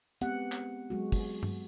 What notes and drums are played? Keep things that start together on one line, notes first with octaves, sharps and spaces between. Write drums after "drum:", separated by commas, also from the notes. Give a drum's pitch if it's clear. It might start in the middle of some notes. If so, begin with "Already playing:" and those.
G#3 B3 C4 G4 F#5, drum: hi-hat
drum: clap
F#3 G#3 F#4
drum: kick, open hi-hat
drum: tom G2